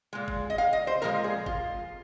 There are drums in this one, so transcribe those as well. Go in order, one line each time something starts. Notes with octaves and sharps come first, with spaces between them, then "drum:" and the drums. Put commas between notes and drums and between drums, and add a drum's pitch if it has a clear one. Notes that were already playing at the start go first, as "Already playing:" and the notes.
A#2 G#3
drum: kick G1
D#5
F5
D#5
C5
A#2 F3 G#3 A#4
G#4
F4, drum: kick G1